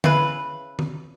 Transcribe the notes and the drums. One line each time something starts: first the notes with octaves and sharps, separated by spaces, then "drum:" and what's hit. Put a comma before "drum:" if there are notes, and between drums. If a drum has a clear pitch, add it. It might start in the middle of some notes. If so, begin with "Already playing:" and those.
C#3 E4 B4, drum: tom
drum: tom D#3